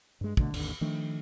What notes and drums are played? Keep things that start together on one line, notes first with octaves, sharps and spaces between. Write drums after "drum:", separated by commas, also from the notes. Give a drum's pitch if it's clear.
G2 G#3
B2 D3 A3, drum: kick
G#1 D#2 D3, drum: cymbal
D#3 F3 A3 D4